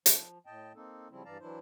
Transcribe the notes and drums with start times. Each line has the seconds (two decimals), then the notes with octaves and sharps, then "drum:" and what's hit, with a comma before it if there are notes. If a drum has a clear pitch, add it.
0.06 F3, drum: hi-hat
0.46 A2 D#5 G5 A5
0.75 A#3 C4 D#4 A4
1.11 C#3 F3 G3 C4 E4
1.25 G2 E3 D5 F5 A5 A#5
1.40 E3 F#3 D4 E4 C5